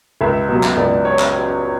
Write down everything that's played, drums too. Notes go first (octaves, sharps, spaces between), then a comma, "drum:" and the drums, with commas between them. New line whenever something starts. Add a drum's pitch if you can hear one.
C#2 E5
B2 F#3
drum: clap
C#2 D5
C#5
drum: clap